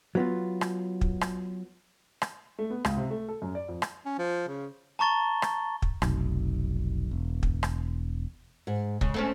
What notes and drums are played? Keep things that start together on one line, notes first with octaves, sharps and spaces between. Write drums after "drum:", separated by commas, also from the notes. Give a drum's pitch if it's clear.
F#3 B3 F4
drum: rim click
drum: kick
drum: rim click
drum: rim click
A3
B3
C#2, drum: rim click
C3
A3
A4
F#2
D5
F2
drum: rim click
C#4
F3
C#3
A5 A#5 C#6 A6 G7
drum: rim click
drum: kick
F1 B1, drum: rim click
E1
drum: kick
drum: rim click
G#2
C#3 G#3, drum: kick
A3 C4 C#4